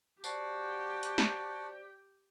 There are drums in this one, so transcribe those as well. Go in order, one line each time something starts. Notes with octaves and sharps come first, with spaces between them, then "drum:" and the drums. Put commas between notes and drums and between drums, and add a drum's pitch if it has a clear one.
F#4 G4 C5 D5 F#5 G5 A5, drum: tambourine
drum: hi-hat
drum: snare